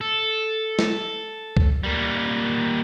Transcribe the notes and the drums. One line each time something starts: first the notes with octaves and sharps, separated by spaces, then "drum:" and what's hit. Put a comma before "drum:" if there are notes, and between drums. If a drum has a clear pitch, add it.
A4
drum: snare
drum: kick C#2
G3 A#3